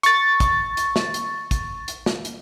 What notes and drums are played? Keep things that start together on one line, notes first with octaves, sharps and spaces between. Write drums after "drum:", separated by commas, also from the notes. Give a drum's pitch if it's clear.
C#6 A6, drum: hi-hat
drum: kick, hi-hat
drum: hi-hat
drum: snare
drum: hi-hat
drum: kick, hi-hat
drum: hi-hat
drum: snare
drum: hi-hat